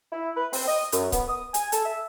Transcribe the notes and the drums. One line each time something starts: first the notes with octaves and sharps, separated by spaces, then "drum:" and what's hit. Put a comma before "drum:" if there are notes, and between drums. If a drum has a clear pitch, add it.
E4
B4
C4, drum: open hi-hat
D#5
F#2, drum: hi-hat
B3, drum: kick C#1, hi-hat
D#6
G#5, drum: hi-hat
A4, drum: hi-hat
E5